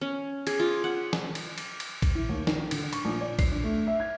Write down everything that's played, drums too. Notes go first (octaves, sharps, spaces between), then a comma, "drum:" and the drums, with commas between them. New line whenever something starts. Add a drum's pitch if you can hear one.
C#4
G#4, drum: cymbal
F4
F#5
drum: snare
drum: cymbal
drum: cymbal
drum: cymbal
drum: kick A#1, cymbal
E4
D#2
D#3, drum: snare
D3, drum: cymbal
C#6, drum: cymbal
A#1
D5
C7, drum: kick A#1, cymbal
D4
A3
E5
G#6